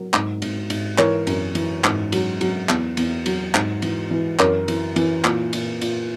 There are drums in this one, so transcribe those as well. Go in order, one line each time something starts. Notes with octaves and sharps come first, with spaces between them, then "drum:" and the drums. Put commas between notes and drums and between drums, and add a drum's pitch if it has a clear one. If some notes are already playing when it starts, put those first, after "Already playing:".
Already playing: F#3 A#4
G#2, drum: clap
G#2, drum: cymbal
G#2, drum: cymbal
E3 A#4 C#5, drum: clap
F#2, drum: cymbal
E3, drum: cymbal
G#2, drum: clap
F#3, drum: cymbal
F#3, drum: cymbal
E2, drum: clap
E2, drum: cymbal
F#3, drum: cymbal
G#2, drum: clap
E3, drum: cymbal
E3
F#2 A#4 C#5, drum: clap
E3, drum: cymbal
E3, drum: cymbal
A#2, drum: clap
A#2, drum: cymbal
A#2, drum: cymbal